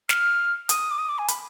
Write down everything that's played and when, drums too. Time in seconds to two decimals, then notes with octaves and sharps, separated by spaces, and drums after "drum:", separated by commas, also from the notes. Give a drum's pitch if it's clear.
0.09 F6, drum: snare
0.69 D#6, drum: hi-hat
0.91 D6
0.99 D#6
1.09 D6
1.19 G#5
1.28 B5, drum: hi-hat